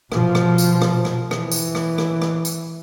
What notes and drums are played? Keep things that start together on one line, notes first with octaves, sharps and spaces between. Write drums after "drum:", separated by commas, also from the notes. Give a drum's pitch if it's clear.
B2 F3, drum: rim click
drum: rim click
drum: tambourine
drum: rim click
drum: rim click
E3, drum: rim click
drum: tambourine
drum: rim click
drum: rim click
drum: rim click
drum: tambourine